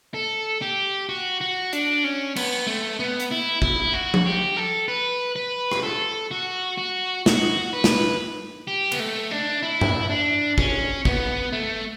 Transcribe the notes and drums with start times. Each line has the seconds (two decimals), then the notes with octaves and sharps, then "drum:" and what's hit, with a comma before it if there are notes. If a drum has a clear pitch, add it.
0.14 A4
0.62 G4
1.09 F#4
1.41 F#4
1.73 D4, drum: hi-hat
2.04 C#4
2.36 B3, drum: cymbal
2.67 A3
2.99 B3
3.20 drum: hi-hat
3.31 E4
3.62 E4, drum: kick
3.93 F#4
4.14 drum: tom F3
4.26 G4
4.57 A4
4.88 B4
5.36 B4
5.72 drum: rim click
5.83 A4
6.31 F#4
6.78 F#4
7.26 F#4, drum: snare
7.73 B4
7.84 drum: snare
8.68 G4
8.92 B3, drum: cymbal
9.00 A3
9.31 D4
9.63 E4
9.81 drum: tom G2
10.10 D4
10.58 C#4, drum: kick
11.05 B3, drum: kick
11.53 A3